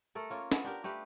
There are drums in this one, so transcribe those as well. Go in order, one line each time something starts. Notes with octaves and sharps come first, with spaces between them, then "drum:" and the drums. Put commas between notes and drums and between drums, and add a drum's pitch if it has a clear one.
A3 A4 A#4
A#3 C#4 F4
B3, drum: snare
D4 G4 A#4
A3 G4 B4 F5